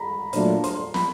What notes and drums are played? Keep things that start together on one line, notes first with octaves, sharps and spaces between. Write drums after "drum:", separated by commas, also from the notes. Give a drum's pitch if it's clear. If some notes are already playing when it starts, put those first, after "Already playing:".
Already playing: A#5 B5
A#2 F#3 A3 D4 F4, drum: hi-hat
C6, drum: hi-hat
B5, drum: snare